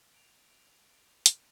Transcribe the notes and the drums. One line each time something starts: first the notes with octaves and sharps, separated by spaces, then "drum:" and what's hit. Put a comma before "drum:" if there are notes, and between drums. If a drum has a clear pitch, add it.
D7 F7
drum: hi-hat